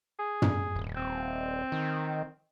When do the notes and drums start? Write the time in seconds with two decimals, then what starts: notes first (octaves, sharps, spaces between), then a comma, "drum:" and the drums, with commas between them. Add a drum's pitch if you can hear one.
0.19 G#4
0.42 drum: tom
0.76 D#1
0.97 C4
1.72 D#3